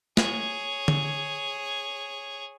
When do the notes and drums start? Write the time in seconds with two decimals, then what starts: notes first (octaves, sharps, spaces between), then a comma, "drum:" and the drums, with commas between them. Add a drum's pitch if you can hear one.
0.17 G#4 C#5, drum: snare
0.88 drum: tom D3